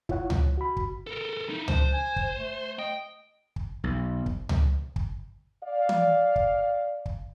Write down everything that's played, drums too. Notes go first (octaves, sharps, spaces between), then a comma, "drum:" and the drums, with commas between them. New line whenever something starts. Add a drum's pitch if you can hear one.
E4 F4 C#5 F#5, drum: kick
drum: tom C#2
F#4 B5
drum: kick
A4 A#4
D#4 E4
D4 C5, drum: tom C#2
G#5
drum: kick
A3
D#5 G5
drum: kick
B1
drum: kick
drum: tom C#2
drum: kick
D5 F5
drum: tom
drum: kick
drum: kick